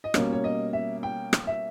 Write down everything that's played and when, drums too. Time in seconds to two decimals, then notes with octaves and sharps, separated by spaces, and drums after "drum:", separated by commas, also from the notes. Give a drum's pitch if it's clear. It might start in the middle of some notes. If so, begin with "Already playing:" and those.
0.04 D#5
0.14 B2 G3 A#3 C#4 C#5, drum: rim click
0.33 C#5
0.44 D#5
0.73 E5
1.03 G5
1.33 drum: rim click
1.47 E5